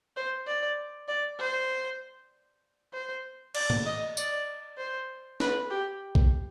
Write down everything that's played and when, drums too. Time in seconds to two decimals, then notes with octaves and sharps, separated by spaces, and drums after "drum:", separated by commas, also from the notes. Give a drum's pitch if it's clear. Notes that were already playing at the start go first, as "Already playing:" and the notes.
0.17 C5
0.47 D5
1.08 D5
1.39 C5
2.93 C5
3.55 D5, drum: cymbal
3.70 drum: tom
3.86 D#5
4.17 D5, drum: tambourine
4.77 C5
5.40 B4, drum: snare
5.70 G4
6.15 drum: kick B1